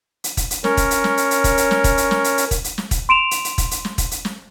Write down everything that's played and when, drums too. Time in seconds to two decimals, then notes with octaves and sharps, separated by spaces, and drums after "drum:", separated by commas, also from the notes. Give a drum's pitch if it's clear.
0.24 drum: hi-hat
0.37 drum: kick, hi-hat
0.51 drum: hi-hat
0.64 C#4 A#4 C#5, drum: snare
0.77 drum: kick, hi-hat
0.91 drum: hi-hat
1.04 drum: snare
1.17 drum: hi-hat
1.31 drum: hi-hat
1.44 drum: kick, hi-hat
1.57 drum: hi-hat
1.71 drum: snare
1.84 drum: kick, hi-hat
1.98 drum: hi-hat
2.11 drum: snare
2.24 drum: hi-hat
2.38 drum: hi-hat
2.51 drum: kick, hi-hat
2.64 drum: hi-hat
2.78 drum: snare
2.91 drum: kick, hi-hat
3.09 C6 D7 E7 F7
3.31 drum: hi-hat
3.45 drum: hi-hat
3.58 drum: kick, hi-hat
3.71 drum: hi-hat
3.85 drum: snare
3.98 drum: kick, hi-hat
4.11 drum: hi-hat
4.25 drum: snare